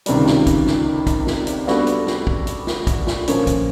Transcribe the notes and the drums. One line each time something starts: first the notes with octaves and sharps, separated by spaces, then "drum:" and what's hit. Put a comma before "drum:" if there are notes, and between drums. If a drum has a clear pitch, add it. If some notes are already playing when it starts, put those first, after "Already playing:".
C#2 C3 D#3 G3, drum: hi-hat
drum: snare
drum: kick, hi-hat
drum: snare
drum: kick, hi-hat
drum: snare
drum: hi-hat
G3 B3 D4 F#4 A4, drum: snare
drum: hi-hat
drum: snare
drum: kick
drum: hi-hat
drum: snare
drum: kick, hi-hat
drum: snare
A#2 F3 A#3 C#4, drum: hi-hat
drum: kick, hi-hat